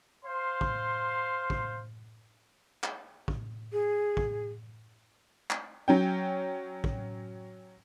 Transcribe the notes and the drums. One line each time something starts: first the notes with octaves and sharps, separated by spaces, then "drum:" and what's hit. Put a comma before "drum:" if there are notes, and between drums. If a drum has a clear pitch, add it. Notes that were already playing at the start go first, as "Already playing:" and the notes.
C5 F5 C6
drum: kick
drum: kick
drum: clap
drum: kick
G#4
drum: kick
drum: clap
F#3 C#4 G5
drum: kick